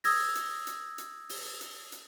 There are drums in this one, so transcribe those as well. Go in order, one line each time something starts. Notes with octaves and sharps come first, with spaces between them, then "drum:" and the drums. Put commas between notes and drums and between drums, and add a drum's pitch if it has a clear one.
D#6 E6 G#6 A#6, drum: open hi-hat
drum: hi-hat
drum: hi-hat
drum: hi-hat
drum: open hi-hat
drum: hi-hat
drum: hi-hat